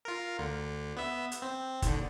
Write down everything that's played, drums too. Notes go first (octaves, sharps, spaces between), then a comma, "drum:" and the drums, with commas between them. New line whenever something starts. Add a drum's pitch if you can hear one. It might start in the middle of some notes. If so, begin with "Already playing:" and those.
F4 A#4
D2 D3
B3 E5
drum: hi-hat
C4
D#2 D3, drum: kick, hi-hat